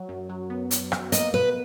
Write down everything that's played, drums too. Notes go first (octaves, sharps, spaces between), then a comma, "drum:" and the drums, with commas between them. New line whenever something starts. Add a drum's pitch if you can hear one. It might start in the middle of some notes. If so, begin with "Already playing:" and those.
Already playing: F#3
F#2
F#3
B3
F#2, drum: hi-hat
B3, drum: rim click
A#3 D#5, drum: hi-hat
B2 B4